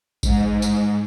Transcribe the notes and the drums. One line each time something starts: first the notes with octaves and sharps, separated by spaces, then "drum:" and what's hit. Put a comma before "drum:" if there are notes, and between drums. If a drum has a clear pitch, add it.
G#2, drum: kick A1, tambourine
drum: tambourine